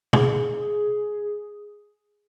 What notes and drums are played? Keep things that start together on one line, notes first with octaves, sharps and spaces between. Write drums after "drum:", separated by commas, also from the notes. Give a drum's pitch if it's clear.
G#4, drum: tom B2